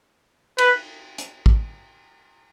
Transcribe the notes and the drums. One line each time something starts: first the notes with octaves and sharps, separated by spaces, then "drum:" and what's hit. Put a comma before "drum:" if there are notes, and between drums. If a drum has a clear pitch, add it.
B4, drum: cymbal
drum: hi-hat
drum: kick